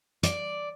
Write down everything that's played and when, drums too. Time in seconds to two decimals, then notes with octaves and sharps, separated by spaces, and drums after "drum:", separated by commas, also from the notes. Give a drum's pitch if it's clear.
0.23 D5, drum: hi-hat